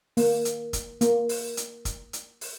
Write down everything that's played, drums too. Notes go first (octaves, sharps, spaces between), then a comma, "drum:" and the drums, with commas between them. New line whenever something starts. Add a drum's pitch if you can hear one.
A#3, drum: open hi-hat
drum: hi-hat
drum: kick, hi-hat
A#3, drum: hi-hat
drum: open hi-hat
drum: hi-hat
drum: kick, hi-hat
drum: hi-hat
drum: open hi-hat